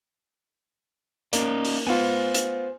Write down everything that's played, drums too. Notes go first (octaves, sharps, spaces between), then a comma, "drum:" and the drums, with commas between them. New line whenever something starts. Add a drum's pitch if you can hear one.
A#3 C#4 D#4 D5, drum: hi-hat
drum: open hi-hat
B3 F4 C5 G#5
drum: hi-hat